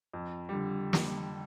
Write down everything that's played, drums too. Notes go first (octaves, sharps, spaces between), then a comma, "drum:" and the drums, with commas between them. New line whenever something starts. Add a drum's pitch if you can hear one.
F2
D3 G3
drum: snare